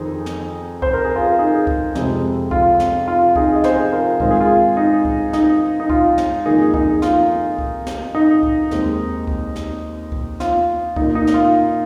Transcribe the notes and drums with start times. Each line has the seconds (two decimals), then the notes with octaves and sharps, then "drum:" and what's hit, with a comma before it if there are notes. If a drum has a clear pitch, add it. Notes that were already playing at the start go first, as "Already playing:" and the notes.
Already playing: F2 D#3 C4 D#4 G#4
0.26 drum: snare
0.82 C5, drum: kick C2
0.93 A#4
1.05 G#4
1.15 F4 A#4
1.39 D#4 G#4
1.67 drum: kick C2
1.95 F2 C3 G#3 C4, drum: snare
2.51 F4, drum: kick C2
2.80 drum: snare
3.08 F4
3.36 D#4 G#4, drum: kick C2
3.55 D#5
3.64 G#4 C5, drum: snare
3.93 F4 A#4
4.20 G#2 D#3 G#3 C4 F4, drum: kick C2
4.31 G#4
4.41 F4
4.77 D#4
5.05 drum: kick C2
5.33 D#4, drum: snare
5.80 D#4
5.90 F4, drum: kick C2
6.18 drum: snare
6.46 F2 D#3 A#3 D#4 G#4
6.74 D#4 G#4, drum: kick C2
7.02 F4, drum: snare
7.58 drum: kick C2
7.87 drum: snare
8.15 D#4
8.43 drum: kick C2
8.71 D#2 D#3 G#3 C4, drum: snare
9.27 drum: kick C2
9.56 drum: snare
10.12 drum: kick C2
10.40 F4, drum: snare
10.96 A#2 A#3 D#4, drum: kick C2
11.15 D#4
11.27 D#4, drum: snare
11.34 F4